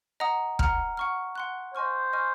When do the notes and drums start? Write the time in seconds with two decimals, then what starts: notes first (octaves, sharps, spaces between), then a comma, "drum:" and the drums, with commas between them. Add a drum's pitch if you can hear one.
0.20 D#5 F#5 A#5 D#6
0.59 F#5 A#5 F6, drum: kick
0.97 F#5 C#6 F6
1.35 F#5 C6 F#6
1.74 C5 D#5 G#5 C#6 F6
2.13 D#5 G#5 C#6 F6